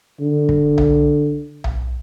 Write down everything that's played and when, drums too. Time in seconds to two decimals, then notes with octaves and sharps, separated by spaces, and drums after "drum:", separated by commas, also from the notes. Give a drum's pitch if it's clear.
0.20 D3
0.49 drum: kick
0.78 drum: tom B1
1.64 drum: tom B1